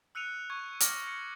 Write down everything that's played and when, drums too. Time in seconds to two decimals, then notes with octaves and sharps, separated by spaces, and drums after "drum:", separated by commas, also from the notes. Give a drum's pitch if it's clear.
0.15 E6 F#6 C#7 D#7 F7
0.50 C#6 G#6
0.80 D6 F6 G#6 A#6 F#7, drum: hi-hat
1.07 C#7